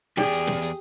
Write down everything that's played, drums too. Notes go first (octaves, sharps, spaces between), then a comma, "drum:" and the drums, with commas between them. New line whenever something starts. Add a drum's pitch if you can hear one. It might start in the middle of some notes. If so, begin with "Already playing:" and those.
E2 G4 G#4 D5, drum: snare
drum: hi-hat
drum: snare
drum: hi-hat